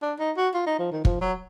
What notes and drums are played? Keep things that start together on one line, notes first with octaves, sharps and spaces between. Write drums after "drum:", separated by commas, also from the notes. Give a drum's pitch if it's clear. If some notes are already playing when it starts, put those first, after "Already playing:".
D4
D#4
F#4
F4
D#4
F3
D#3
F3, drum: kick
F#3